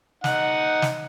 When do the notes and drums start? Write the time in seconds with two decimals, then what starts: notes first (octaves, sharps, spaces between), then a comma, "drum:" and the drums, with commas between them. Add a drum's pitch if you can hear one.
0.24 D#4 F#5, drum: snare
0.82 drum: snare